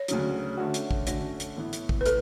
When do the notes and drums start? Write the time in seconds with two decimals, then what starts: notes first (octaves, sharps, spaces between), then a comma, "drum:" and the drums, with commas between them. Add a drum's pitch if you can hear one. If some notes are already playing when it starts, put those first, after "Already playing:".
Already playing: C#5
0.08 D2 C#3 F#3, drum: hi-hat
0.57 D3 A3 C#4 F#4
0.74 drum: hi-hat
0.91 drum: kick
1.07 D3 A3 C#4 F#4 C#5, drum: hi-hat
1.40 drum: hi-hat
1.56 A2 E3 B3 E4
1.73 drum: hi-hat
1.89 drum: kick
2.01 B4
2.06 A2 A4, drum: hi-hat